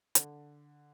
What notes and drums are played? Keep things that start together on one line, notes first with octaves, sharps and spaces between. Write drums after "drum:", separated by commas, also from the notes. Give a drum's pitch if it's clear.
D3, drum: hi-hat